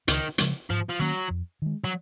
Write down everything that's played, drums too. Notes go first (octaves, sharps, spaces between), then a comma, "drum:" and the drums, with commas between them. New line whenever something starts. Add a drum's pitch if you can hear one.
C#2 D#3, drum: hi-hat
C#3 F3 G#3, drum: hi-hat
G#2 F3
F3
D#3 F#3 A#3 C#4
F2
D#3 G#3
F#3